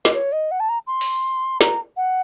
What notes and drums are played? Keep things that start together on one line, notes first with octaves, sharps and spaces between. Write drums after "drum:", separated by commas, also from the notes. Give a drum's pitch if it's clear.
D#5, drum: snare
C#5
D#5
F#5
A5
A#5
C6
drum: open hi-hat
A#5, drum: snare
F#5